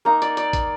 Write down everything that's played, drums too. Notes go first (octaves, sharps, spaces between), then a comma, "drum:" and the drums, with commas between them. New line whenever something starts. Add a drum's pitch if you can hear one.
A#3 D#4 A#5
D5, drum: hi-hat
D5, drum: hi-hat
drum: kick, hi-hat